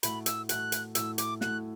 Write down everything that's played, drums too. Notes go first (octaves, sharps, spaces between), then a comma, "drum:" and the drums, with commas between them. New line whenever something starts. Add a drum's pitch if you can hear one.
A2 A3 F#4 B5, drum: hi-hat
E6, drum: hi-hat
A2 A3 F#4 F#6, drum: hi-hat
drum: hi-hat
A2 A3 F#4 E6, drum: hi-hat
D6, drum: hi-hat
A2 A3 F#4 F#6, drum: snare